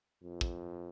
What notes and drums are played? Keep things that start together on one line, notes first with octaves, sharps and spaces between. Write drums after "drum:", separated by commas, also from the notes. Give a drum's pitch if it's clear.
F2
drum: kick